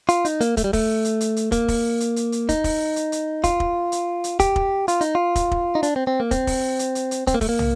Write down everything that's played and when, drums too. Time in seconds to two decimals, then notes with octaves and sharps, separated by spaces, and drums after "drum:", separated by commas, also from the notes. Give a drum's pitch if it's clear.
0.09 F4, drum: hi-hat
0.25 D#4, drum: hi-hat
0.41 A#3, drum: hi-hat
0.57 A3, drum: kick, hi-hat
0.64 G3
0.73 A3, drum: kick, open hi-hat
1.05 drum: hi-hat
1.21 drum: hi-hat
1.37 drum: hi-hat
1.52 A#3, drum: kick, hi-hat
1.68 drum: kick, open hi-hat
2.00 drum: hi-hat
2.16 drum: hi-hat
2.32 drum: hi-hat
2.49 D#4, drum: kick, hi-hat
2.64 drum: kick, open hi-hat
2.96 drum: hi-hat
3.12 drum: hi-hat
3.44 F4, drum: kick, hi-hat
3.60 drum: kick
3.92 drum: hi-hat
4.24 drum: hi-hat
4.40 G4, drum: kick, hi-hat
4.56 drum: kick
4.88 F4, drum: hi-hat
5.01 D#4, drum: hi-hat
5.15 F4
5.36 drum: kick, hi-hat
5.51 drum: kick
5.75 D#4
5.83 D4, drum: hi-hat
5.96 C4
6.07 C4
6.20 A#3
6.31 C4, drum: kick, hi-hat
6.47 drum: kick, open hi-hat
6.79 drum: hi-hat
6.95 drum: hi-hat
7.11 drum: hi-hat
7.27 C4, drum: kick, hi-hat
7.34 A#3
7.41 A3, drum: kick, open hi-hat
7.49 A#3
7.59 drum: tom